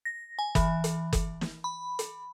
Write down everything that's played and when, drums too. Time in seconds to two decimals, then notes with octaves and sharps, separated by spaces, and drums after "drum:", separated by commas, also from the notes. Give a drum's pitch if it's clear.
0.05 A#6
0.39 G#5
0.55 E3, drum: kick F#1, hi-hat
0.84 drum: hi-hat
1.13 drum: kick F#1, hi-hat
1.41 drum: snare
1.64 B5
1.99 drum: hi-hat